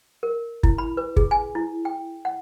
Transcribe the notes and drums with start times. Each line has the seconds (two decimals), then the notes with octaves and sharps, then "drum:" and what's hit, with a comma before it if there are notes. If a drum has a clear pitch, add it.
0.23 A#4
0.63 E4, drum: kick
0.78 B5
0.97 B4
1.16 G#4, drum: kick
1.31 G#5
1.55 E4
1.85 G5
2.25 F#5